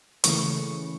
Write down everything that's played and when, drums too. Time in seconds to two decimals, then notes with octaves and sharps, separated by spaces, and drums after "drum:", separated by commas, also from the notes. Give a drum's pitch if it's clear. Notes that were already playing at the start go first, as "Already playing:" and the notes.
0.24 C#3 E3 A3 C#6, drum: hi-hat